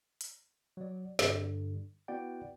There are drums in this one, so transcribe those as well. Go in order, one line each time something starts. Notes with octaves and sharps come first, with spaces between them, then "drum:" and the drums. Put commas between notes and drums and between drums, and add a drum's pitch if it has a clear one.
drum: hi-hat
F#3 D5
G2 D3, drum: snare
B3 E4 F#4 D5 F#5 G5